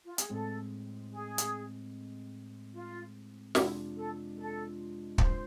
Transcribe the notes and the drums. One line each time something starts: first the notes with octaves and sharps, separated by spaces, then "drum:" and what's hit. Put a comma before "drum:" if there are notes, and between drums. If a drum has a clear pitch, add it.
F4
G#4, drum: hi-hat
A2 G#3 C4 A4
G#4
drum: hi-hat
F4
F2 C3 G#3 D4 E4 F4, drum: snare
A4
A4
C5, drum: kick